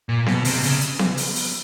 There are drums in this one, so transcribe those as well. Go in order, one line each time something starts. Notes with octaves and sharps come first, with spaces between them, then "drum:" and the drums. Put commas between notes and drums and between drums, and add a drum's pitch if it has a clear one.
A#2
B2, drum: snare B3
C3, drum: open hi-hat
C#3, drum: open hi-hat
drum: hi-hat
drum: snare B3
drum: open hi-hat
drum: open hi-hat